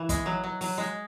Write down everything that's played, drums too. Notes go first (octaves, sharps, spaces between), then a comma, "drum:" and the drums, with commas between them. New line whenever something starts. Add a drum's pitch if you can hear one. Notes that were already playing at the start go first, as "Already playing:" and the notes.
Already playing: E3
G#3, drum: kick, hi-hat
F#3
F#3
F#3, drum: open hi-hat
G#3